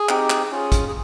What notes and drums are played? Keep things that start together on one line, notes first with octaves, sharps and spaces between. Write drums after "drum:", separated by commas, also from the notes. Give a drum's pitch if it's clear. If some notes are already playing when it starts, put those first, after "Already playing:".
Already playing: G#4
C4 D#4 G4, drum: clap
drum: clap
C#4 F4 G#4
drum: kick A1, hi-hat
G#4